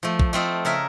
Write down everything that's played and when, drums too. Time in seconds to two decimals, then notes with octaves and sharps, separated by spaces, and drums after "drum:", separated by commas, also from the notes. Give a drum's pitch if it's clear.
0.03 F3 A3
0.19 drum: kick
0.33 A3 C4 F4 D#5
0.65 C#3 A#4 E5